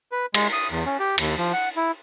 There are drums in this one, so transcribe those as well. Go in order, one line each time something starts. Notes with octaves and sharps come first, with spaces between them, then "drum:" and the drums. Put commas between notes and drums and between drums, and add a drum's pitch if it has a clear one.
B4
G#3, drum: cymbal
D#6
E2
C#4
G4
D#2, drum: cymbal
F3
F#5
E4